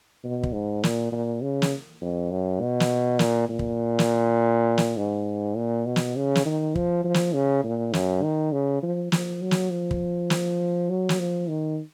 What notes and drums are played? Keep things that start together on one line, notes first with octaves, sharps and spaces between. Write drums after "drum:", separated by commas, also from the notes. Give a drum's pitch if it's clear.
B2
drum: kick
G#2
A#2, drum: snare
A#2
C#3
drum: snare
F2
F#2
B2
drum: snare
A#2, drum: snare
A#2
drum: kick
drum: snare
drum: snare
G#2
A#2
B2
drum: snare
C#3
drum: snare
D#3
F3, drum: kick
F3
drum: snare
C#3
A#2
F#2, drum: snare
D#3
C#3
F3
F3, drum: snare
F#3
drum: snare
F3
drum: kick
drum: snare
F#3
drum: snare
F3
D#3